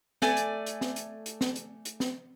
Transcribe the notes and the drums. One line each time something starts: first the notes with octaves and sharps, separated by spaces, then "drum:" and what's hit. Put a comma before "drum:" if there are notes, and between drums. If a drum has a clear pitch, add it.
A3 D5 G#5, drum: snare
drum: hi-hat
drum: hi-hat
drum: snare
drum: hi-hat
drum: hi-hat
drum: snare
drum: hi-hat
drum: hi-hat
drum: snare